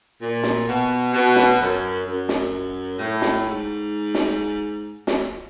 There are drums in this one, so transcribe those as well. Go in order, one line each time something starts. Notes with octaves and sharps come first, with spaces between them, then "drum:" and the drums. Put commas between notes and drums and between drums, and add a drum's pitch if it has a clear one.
A#2
drum: snare
B2
B2
drum: snare
F#2
F#2
drum: snare
A2
drum: snare
G#2
drum: snare
drum: snare